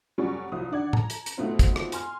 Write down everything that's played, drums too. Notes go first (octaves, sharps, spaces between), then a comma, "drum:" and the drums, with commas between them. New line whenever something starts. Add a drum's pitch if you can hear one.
F1 F#3 G3 C#4 F#4 C#6
C2 F3 F#3 E4 D#6
D3 D#3 D5 F#5 G#6
A5 A#5, drum: tom A2
drum: hi-hat
drum: hi-hat
G#2 B2 A3 C4 F4
drum: kick, hi-hat
drum: rim click
G#5 C6 F6, drum: hi-hat